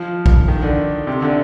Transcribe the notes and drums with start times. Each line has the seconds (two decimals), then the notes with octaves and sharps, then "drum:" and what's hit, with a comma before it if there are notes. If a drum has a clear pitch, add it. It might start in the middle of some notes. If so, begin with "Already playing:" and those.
Already playing: F3
0.26 drum: kick A#1
0.48 D#3
0.63 D3
1.07 C3
1.22 D3